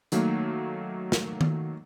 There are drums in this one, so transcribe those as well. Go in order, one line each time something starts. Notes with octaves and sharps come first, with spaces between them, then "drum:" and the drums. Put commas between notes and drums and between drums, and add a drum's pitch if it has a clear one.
D#3 F#3 A3 A#3, drum: hi-hat
drum: snare
drum: tom D#3